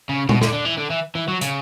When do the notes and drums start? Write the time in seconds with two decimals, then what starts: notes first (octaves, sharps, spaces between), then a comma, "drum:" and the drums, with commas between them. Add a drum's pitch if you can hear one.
0.09 C#3
0.29 B2, drum: tom A#2
0.41 D3, drum: snare
0.53 D3
0.65 E3
0.78 D3
0.90 E3
1.15 E3
1.28 F#3
1.41 C#3, drum: hi-hat